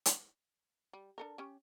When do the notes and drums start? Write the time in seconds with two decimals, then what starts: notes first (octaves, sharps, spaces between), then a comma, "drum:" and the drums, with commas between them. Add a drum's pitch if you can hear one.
0.06 drum: hi-hat
0.93 G3
1.18 D4 A4 A#4
1.38 C#4 G4